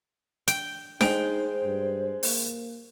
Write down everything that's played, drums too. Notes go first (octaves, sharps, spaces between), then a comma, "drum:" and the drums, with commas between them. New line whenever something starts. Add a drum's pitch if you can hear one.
G5, drum: hi-hat
G#3 D#4 G#4 C5 G5 F7, drum: snare D4
G2
A#3, drum: open hi-hat